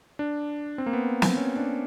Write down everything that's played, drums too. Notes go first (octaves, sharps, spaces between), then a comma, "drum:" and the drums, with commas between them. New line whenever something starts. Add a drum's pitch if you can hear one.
D4
C4
A#3
B3
C4, drum: snare
C#4
D4